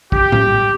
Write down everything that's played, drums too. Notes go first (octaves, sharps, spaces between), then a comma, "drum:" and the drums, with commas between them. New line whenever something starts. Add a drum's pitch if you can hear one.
G4, drum: kick
drum: tom A2